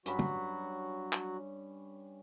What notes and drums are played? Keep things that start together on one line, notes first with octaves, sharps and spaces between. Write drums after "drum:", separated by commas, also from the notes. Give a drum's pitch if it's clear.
G2 F#3 C#4 F#4 B5, drum: hi-hat
drum: tom
drum: clap